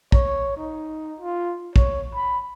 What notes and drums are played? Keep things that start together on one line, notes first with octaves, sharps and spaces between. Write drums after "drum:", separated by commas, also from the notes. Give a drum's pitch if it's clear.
C#5, drum: kick
D#4
F4
C#5, drum: kick
B5